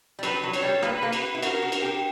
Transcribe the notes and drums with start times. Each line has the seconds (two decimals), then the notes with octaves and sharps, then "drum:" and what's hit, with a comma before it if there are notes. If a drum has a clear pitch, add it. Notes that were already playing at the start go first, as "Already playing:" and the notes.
0.19 G3
0.23 F#3 B4, drum: cymbal
0.43 F#3
0.53 C#5, drum: cymbal
0.62 G3
0.82 A#3 B4, drum: rim click
1.03 A#3
1.13 drum: cymbal
1.35 E4
1.42 F#4 A#4, drum: cymbal
1.62 F#4
1.72 drum: cymbal
1.82 G4